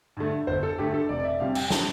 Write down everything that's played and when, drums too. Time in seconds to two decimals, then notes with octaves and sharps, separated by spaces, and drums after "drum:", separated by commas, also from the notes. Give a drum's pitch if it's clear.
0.17 G2 D3 A3
0.47 G1 C5
0.63 A4
0.78 G2 D3 A3 G4
0.94 A4
1.09 F1 D5
1.20 D5
1.25 E5
1.40 F2 C3 G3 F5
1.55 G5, drum: cymbal
1.70 A5, drum: snare